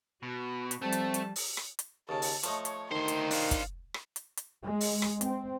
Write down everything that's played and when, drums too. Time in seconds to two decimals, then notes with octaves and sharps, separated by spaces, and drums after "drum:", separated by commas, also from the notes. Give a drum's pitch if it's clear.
0.23 B2 F#4
0.71 drum: hi-hat
0.82 F3 G3 A3 C4 A5
0.92 drum: hi-hat
1.14 drum: hi-hat
1.36 drum: open hi-hat
1.57 drum: rim click
1.79 drum: hi-hat
2.09 D#2 C#3 A5
2.22 drum: open hi-hat
2.43 F3 A3 C#5 D#5, drum: hi-hat
2.65 drum: hi-hat
2.91 D2 D#3 C5 C6
3.08 drum: hi-hat
3.30 D4 C5 F5, drum: open hi-hat
3.51 drum: kick, hi-hat
3.94 drum: rim click
4.16 drum: hi-hat
4.37 drum: hi-hat
4.64 G#3
4.81 drum: open hi-hat
5.02 drum: rim click
5.21 C4, drum: hi-hat